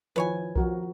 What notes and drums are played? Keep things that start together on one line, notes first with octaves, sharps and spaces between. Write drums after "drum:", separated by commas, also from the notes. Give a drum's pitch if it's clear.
D#3 F3 E4 B4 C#5 G#5
F3 F#4 A#4, drum: kick B1